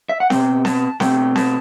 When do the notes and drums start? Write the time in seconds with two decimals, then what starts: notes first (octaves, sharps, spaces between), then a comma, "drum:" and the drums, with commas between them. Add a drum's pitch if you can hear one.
0.09 E5
0.20 F#5
0.30 B2 G3 C4 G5, drum: snare C4
0.65 A5, drum: snare C4
1.00 B2 A3 C4 G5, drum: snare C4
1.36 A5, drum: snare C4